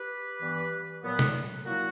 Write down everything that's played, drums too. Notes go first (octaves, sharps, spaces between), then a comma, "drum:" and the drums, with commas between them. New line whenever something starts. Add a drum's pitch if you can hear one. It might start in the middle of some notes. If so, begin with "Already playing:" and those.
Already playing: G4 B4
G2 E3 B3
A#2 F#3 B3
drum: snare
A#2 F#3 A#3 E4 F#4